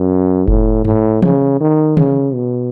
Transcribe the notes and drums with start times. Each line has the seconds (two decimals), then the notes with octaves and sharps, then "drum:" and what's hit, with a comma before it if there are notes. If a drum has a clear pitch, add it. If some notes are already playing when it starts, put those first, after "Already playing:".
Already playing: F#2
0.48 A2, drum: kick F1
0.85 A2, drum: tom G2
1.22 C#3, drum: tom E3
1.60 D#3
1.97 C#3, drum: tom
2.34 B2